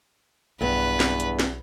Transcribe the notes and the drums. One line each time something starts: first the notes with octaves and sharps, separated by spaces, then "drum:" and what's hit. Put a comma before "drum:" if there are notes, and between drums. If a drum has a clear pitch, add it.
B1 E2 G2 G3 B3 B4
drum: snare
drum: hi-hat
drum: snare